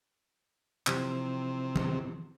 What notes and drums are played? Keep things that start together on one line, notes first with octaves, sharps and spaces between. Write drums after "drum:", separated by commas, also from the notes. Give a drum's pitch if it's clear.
C3 E3 F3 G4, drum: clap
drum: tom D#3